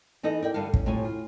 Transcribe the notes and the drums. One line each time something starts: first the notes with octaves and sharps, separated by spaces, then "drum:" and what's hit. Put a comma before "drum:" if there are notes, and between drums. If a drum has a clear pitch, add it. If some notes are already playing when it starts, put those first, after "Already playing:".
E3 D#4 A4 B4 D#5
A#4 D5 G5
G2 D3 A4 F5
C#4, drum: kick
A2 C3 F4 C#5 G#5
F4